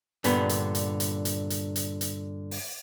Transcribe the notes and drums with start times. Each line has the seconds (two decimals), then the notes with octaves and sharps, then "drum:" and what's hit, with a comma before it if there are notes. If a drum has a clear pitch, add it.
0.24 G2 A#2 D3 B3, drum: hi-hat
0.49 drum: hi-hat
0.75 drum: hi-hat
1.00 drum: hi-hat
1.25 drum: hi-hat
1.50 drum: hi-hat
1.76 drum: hi-hat
2.01 drum: hi-hat
2.51 drum: open hi-hat